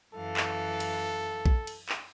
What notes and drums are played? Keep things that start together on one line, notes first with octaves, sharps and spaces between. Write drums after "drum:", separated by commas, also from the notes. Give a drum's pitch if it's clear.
F#2 E3 A4 F5
drum: clap
drum: cymbal
drum: kick A#1
drum: cymbal
drum: clap